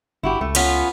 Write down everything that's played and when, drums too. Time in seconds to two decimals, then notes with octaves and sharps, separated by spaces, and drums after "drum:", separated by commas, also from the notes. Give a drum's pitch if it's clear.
0.23 G1 E4 F#4 G4
0.41 C#2 A3
0.55 B3 C#4 F4, drum: cymbal